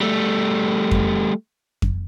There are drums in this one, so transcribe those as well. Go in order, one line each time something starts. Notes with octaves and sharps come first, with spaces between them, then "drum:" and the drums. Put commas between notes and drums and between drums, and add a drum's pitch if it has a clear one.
G3 A3
drum: kick F2
drum: kick F2